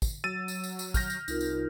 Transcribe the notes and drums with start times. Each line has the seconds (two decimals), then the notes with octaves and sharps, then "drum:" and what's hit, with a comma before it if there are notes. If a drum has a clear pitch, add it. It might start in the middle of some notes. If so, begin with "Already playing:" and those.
0.02 drum: kick, tambourine
0.24 F#3 E6 A6 D#7
0.48 drum: tambourine
0.64 drum: tambourine
0.79 drum: tambourine
0.94 F6 G6 A#6, drum: kick, tambourine
1.10 drum: tambourine
1.28 C2 D#4 F4 A#4, drum: tambourine
1.41 drum: tambourine